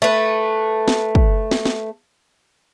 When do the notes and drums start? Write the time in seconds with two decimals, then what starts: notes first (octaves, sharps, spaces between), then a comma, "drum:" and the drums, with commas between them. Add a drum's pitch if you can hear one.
0.02 A3 B4
0.88 drum: snare
1.15 drum: kick
1.51 drum: snare
1.65 drum: snare